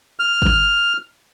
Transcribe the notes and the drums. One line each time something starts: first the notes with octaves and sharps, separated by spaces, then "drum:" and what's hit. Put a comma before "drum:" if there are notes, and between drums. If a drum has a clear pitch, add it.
F6
drum: kick